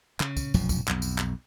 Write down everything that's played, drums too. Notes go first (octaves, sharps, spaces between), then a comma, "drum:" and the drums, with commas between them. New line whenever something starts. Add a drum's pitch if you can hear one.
C#3, drum: clap
drum: kick, tambourine
F1 B1 F#2 F3, drum: tambourine
drum: kick, tambourine
B1 F2, drum: clap
drum: tambourine
drum: clap